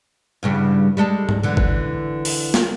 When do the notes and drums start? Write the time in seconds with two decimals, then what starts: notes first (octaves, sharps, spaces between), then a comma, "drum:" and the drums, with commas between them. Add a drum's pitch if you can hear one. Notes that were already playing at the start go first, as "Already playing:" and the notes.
0.43 E2 G2 C#3
0.97 G3 G#3 A4
1.29 drum: tom G#2
1.43 D3 E3
1.57 drum: kick G1
2.25 drum: open hi-hat
2.54 drum: snare